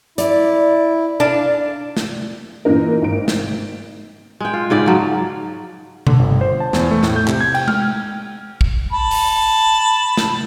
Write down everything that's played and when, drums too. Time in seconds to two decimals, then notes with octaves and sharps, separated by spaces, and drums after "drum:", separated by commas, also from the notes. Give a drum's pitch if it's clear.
0.18 E4 D5, drum: hi-hat
1.20 D4 F5
1.97 drum: snare
2.65 A#2 E3 D#4 A#4
3.02 G#1 D7
3.28 drum: snare
4.40 G#3 G5
4.54 F4
4.70 G#2 C#3 D5 G5
4.86 F3 F#3
6.07 D3, drum: tom B2
6.19 G1
6.41 C5
6.60 A5
6.73 E2, drum: snare
6.91 A3
7.03 A2, drum: snare
7.16 G6
7.28 C3, drum: clap
7.41 G#6
7.54 G5, drum: cymbal
7.68 F6, drum: tom G#3
8.61 drum: kick
8.93 A5 B5
9.11 drum: open hi-hat
10.17 drum: snare